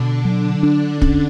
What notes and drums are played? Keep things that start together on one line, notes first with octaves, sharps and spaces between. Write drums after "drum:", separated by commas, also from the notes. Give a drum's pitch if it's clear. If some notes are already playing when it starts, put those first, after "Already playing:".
Already playing: B2 D3 D4
F#3
D4
C#4, drum: kick